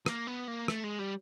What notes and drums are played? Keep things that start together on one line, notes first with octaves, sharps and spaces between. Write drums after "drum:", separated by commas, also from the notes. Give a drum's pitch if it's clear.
A#3, drum: rim click
B3
A#3
A3, drum: rim click
G#3
G3